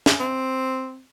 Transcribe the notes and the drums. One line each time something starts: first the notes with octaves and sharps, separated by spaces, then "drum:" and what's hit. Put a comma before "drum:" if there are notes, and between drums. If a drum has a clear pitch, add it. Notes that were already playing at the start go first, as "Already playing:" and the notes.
drum: snare
C4